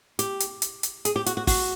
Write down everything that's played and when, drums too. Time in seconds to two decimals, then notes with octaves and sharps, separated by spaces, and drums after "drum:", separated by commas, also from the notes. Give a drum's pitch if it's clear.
0.19 G4, drum: hi-hat
0.40 drum: hi-hat
0.62 drum: hi-hat
0.83 drum: hi-hat
1.05 G#4, drum: hi-hat
1.16 G4
1.26 F#4, drum: hi-hat
1.37 F#4
1.47 F#4, drum: kick, open hi-hat